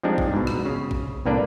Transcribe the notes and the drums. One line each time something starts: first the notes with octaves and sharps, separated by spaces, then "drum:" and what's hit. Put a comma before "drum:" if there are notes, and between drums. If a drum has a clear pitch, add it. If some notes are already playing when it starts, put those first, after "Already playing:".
F3 G3 G#3 C4 D4 D#4
drum: kick A1
G#2 B2
drum: rim click
C#3
drum: kick A1
C2 A2 A#3 D4 B4 D5